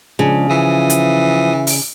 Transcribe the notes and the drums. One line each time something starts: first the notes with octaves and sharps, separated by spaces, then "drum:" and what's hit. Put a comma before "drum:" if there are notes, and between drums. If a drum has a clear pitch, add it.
C#3 F3 G#3 D4
E3 F3 D#6
drum: hi-hat
drum: open hi-hat